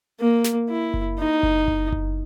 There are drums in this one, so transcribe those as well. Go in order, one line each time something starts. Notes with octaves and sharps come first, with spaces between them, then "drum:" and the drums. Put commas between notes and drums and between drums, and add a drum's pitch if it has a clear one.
A#3
drum: snare
E4
drum: kick F#1
D#4
drum: kick F#1
drum: kick F#1
drum: kick F#1